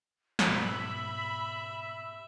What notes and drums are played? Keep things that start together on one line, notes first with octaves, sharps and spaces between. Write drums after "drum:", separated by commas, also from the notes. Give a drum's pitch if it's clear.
drum: snare
G#2 B2 E5 B5 E6